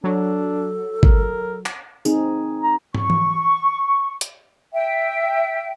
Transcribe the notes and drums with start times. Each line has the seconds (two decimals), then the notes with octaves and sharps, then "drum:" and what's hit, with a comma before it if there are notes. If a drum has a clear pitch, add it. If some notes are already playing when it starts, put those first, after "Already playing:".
0.04 F#3 D4 A4
1.03 A#4, drum: kick
1.66 drum: clap
2.05 C4 D#4 G#4, drum: tambourine
2.62 A#5
2.95 C#6, drum: tom
3.10 drum: tom E3
4.21 drum: hi-hat
4.73 E5 G5